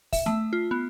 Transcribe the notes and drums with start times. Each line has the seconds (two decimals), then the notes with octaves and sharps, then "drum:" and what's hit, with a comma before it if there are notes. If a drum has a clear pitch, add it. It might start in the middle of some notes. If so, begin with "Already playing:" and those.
0.13 E5, drum: kick, open hi-hat
0.26 A3, drum: snare
0.53 F4
0.71 B3